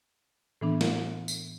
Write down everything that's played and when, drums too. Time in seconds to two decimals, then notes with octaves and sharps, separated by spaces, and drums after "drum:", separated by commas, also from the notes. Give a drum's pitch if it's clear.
0.61 A2 E3 B3 D4
0.81 drum: snare
1.28 drum: tambourine